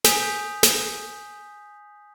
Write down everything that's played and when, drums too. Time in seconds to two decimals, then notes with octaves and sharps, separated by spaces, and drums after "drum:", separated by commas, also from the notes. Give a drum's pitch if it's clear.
0.04 G#5 D#6 G6 B6 F7, drum: snare
0.63 drum: snare